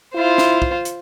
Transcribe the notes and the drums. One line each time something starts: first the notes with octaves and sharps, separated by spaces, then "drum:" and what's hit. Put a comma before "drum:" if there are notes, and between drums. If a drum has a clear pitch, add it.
E4 F4 C5
drum: snare
drum: kick
drum: hi-hat